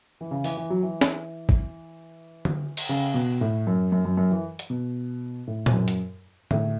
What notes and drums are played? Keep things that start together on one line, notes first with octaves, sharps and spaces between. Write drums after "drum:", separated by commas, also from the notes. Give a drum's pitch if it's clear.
E3
C#3
E3, drum: open hi-hat
E3
F#3
E3
drum: snare
drum: kick A1
drum: tom D3
drum: cymbal
C#3
B2
A2
F#2
F#2
F#2
F#2
E3
drum: hi-hat
B2
A2
E2, drum: tom A#2
F#2
drum: hi-hat
A2, drum: tom D3